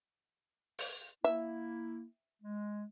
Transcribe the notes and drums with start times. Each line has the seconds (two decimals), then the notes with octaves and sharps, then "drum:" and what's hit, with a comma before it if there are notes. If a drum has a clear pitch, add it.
0.79 drum: open hi-hat
1.24 A#3 E4 E5
2.42 G#3